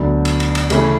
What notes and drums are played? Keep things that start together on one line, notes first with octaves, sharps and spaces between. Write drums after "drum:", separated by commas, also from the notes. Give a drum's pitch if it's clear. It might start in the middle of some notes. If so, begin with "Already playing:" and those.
Already playing: D2 D3 F#3 B3 D4
drum: cymbal
drum: cymbal
drum: cymbal
C#3 E3 A3 C#4 E4, drum: cymbal